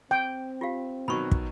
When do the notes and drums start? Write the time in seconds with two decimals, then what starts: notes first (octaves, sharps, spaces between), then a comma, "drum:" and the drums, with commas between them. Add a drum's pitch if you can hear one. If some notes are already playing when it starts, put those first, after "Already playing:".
0.11 C4 G5
0.61 F4 G4 F5
1.08 B2 D#3 F#3 B5 C#6
1.31 drum: kick